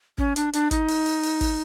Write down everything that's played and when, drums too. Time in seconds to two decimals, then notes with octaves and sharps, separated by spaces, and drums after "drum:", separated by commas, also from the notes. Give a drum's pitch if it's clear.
0.18 C#4, drum: kick
0.36 D4, drum: hi-hat
0.53 D4, drum: hi-hat
0.71 D#4, drum: kick, hi-hat
0.88 drum: open hi-hat
1.06 drum: open hi-hat
1.23 drum: open hi-hat
1.41 drum: kick, open hi-hat